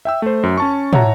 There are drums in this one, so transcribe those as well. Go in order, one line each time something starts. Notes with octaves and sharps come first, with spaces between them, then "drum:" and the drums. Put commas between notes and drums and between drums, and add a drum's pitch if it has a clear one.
E5 G5 E6
A3 C5
F#2
C#4 A5 C#6
C#5 E5 F#5 A5 A#5, drum: tom